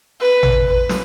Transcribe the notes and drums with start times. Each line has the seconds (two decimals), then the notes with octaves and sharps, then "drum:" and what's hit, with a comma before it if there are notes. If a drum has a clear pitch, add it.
0.20 B4
0.43 drum: tom A1
0.66 B4
0.89 drum: snare